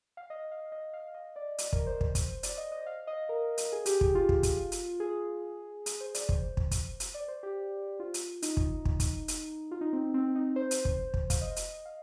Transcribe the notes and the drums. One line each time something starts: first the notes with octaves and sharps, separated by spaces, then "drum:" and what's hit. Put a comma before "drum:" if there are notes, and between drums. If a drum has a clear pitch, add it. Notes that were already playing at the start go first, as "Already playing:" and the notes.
F5
D#5
F5
D#5
F5
D#5
D5
D5, drum: hi-hat
A#4, drum: kick
C5
drum: kick
drum: kick, hi-hat
D5, drum: hi-hat
D#5
D#5
F5
D#5
A#4
drum: hi-hat
G#4
G4, drum: hi-hat
G4, drum: kick
F4
drum: kick
drum: kick, hi-hat
drum: hi-hat
G#4
G#4, drum: hi-hat
C5
D5, drum: hi-hat
C5, drum: kick
drum: kick
drum: kick, hi-hat
drum: hi-hat
D5
C5
G4
F4
drum: hi-hat
D#4, drum: hi-hat
drum: kick
drum: kick
drum: kick, hi-hat
drum: hi-hat
F4
D#4
C4
C4
D#4
C5
drum: hi-hat
drum: kick
drum: kick
F5, drum: kick, hi-hat
D#5
drum: hi-hat
F5